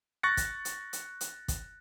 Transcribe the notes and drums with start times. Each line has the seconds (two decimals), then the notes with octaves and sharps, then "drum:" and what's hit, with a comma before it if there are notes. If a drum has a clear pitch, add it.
0.23 C#6 F#6 A6 A#6 C#7
0.37 drum: kick, hi-hat
0.65 drum: hi-hat
0.93 drum: hi-hat
1.21 drum: hi-hat
1.48 drum: kick, hi-hat